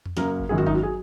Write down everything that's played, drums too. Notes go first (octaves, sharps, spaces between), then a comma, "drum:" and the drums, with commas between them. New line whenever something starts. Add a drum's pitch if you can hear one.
drum: tom E2
F#2 C#3 A#3 A#4, drum: snare
drum: kick G#1
G#1 F#2 D#3 G#4
F#4
D#4, drum: kick G#1
F#4
F#3 G#4